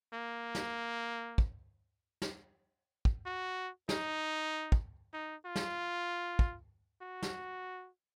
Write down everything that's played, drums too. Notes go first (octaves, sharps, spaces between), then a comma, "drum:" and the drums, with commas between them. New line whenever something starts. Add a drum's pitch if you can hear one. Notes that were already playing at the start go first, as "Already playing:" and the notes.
A#3
drum: snare
drum: kick
drum: snare
drum: kick
F#4
D#4, drum: snare
drum: kick
D#4
F4
drum: snare
drum: kick
F#4
drum: snare